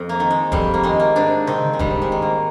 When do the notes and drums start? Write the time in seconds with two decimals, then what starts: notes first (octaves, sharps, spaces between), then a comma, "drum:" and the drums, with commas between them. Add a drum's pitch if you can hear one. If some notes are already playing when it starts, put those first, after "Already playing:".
Already playing: F2
0.09 A#3
0.20 D#3
0.30 G#3
0.52 F2 G3, drum: kick E1
0.74 A#3
0.83 D#3 G#3
1.00 A#3
1.16 G#2 D4
1.47 D#3 C4, drum: tom C#3
1.73 G#3
1.79 G#2 G3, drum: kick E1
2.02 G#3
2.12 D#3
2.22 A#3